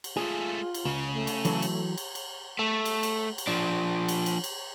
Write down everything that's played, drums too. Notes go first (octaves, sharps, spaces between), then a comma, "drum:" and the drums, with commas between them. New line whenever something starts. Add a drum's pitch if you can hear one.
drum: cymbal
G#3 A3 F4 G#4
drum: cymbal
C#2 C#3
A3
drum: cymbal
E3 F#3 A4, drum: cymbal
drum: cymbal
drum: cymbal
drum: cymbal
A3
drum: cymbal
drum: cymbal
drum: cymbal
F3 D4
drum: cymbal
drum: cymbal
drum: cymbal